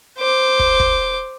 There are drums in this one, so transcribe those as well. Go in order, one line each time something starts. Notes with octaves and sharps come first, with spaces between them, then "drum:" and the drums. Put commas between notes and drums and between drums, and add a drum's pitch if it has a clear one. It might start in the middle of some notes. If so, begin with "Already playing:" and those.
C5 D6
drum: kick
drum: kick